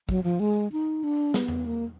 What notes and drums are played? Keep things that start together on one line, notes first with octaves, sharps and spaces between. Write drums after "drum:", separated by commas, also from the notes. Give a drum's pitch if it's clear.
F#3, drum: kick
F3
G#3
D#4
D4
B3, drum: snare
drum: tom E2
A#3